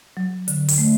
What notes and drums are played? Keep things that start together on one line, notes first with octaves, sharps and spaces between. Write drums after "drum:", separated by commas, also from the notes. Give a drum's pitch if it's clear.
F#3
D3, drum: hi-hat
drum: open hi-hat
A3